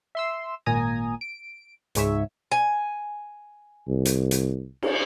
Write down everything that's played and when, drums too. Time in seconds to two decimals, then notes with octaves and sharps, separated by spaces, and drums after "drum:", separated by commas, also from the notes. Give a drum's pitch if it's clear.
0.15 E5 C6 E6
0.66 G#1 A#2 G#5 A#5 D#6
1.21 D7
1.95 C#2 G#2 C#5 E5, drum: hi-hat
2.52 G#5
3.88 C2
4.05 drum: hi-hat
4.31 drum: hi-hat
4.82 drum: cymbal